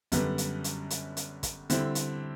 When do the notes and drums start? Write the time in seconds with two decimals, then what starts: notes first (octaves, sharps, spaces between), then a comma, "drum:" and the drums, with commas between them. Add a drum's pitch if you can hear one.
0.12 F#2 D3 G3 B3, drum: kick, hi-hat
0.38 drum: hi-hat
0.64 drum: hi-hat
0.90 drum: hi-hat
1.17 drum: hi-hat
1.43 drum: kick, hi-hat
1.70 D3 G3 C4 E4, drum: hi-hat
1.95 drum: hi-hat